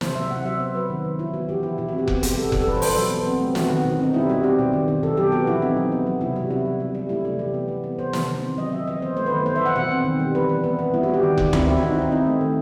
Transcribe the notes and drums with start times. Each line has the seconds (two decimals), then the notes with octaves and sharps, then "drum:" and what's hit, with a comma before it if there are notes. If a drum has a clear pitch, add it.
0.01 C3 C5, drum: snare
0.16 F#3 E5
0.31 C3 F#5
0.45 F#3 E5
0.60 B3 C5
0.75 F#3 B4
0.90 D#3
1.04 D#3
1.19 E3 E4
1.34 B3 F#4
1.49 E3 G4
1.63 E3 E4
1.78 B2 E4
1.88 F#4
1.93 C4
1.98 G4
2.08 B3, drum: kick F1
2.23 B3, drum: hi-hat
2.37 G3 A4
2.52 B2 A4, drum: kick F1
2.67 E3 B4
2.77 C5
2.82 E3 A4, drum: open hi-hat
2.96 F#3
3.11 B3
3.26 C4
3.41 A3
3.55 B3 F#4, drum: snare
3.70 D#3
3.85 B2
4.00 C4 D#4
4.14 G3 E4
4.29 G3 F#4
4.43 C4 G4
4.59 B2
4.73 D#3
4.88 D#3
5.03 B2 A4
5.17 F#3 G4
5.32 B3 F#4
5.47 E3 E4
5.62 C4 D#4
5.77 F#3
5.92 B3
6.06 F#3
6.21 C3 E4
6.36 G3 F#4
6.51 C3 E4
6.65 F#3
6.80 G3
6.95 G3
7.09 A3 E4
7.25 C3 E4
7.39 E3 G4
7.54 B3
7.68 E3
7.84 B3
7.99 C3 C5
8.13 C3, drum: snare
8.28 D#3
8.43 C4
8.57 F#3 D#5
8.72 F#3 E5
8.87 E3 D#5
9.02 B3 C5
9.17 A3 C5
9.26 B4
9.31 D#3
9.46 B3 C5
9.56 E5
9.61 E3 F#5
9.76 B2 F#5
9.91 C4
10.05 D#3
10.19 G3
10.35 E3 B4
10.49 E3
10.64 B3
10.79 B3
10.94 G3 E4
11.03 F#4
11.09 G3
11.14 G4
11.23 D#3
11.37 D#3, drum: kick F1
11.53 C4 E4, drum: tom D2
11.63 E4
11.67 D#3 F#4
11.82 C4 D#4
11.93 E4
11.97 D#3 D#4
12.12 C4 E4
12.26 A3
12.41 D#3